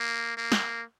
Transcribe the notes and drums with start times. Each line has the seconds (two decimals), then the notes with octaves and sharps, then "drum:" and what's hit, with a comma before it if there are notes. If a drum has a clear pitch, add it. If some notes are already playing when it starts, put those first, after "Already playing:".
Already playing: A#3
0.37 A#3
0.52 drum: snare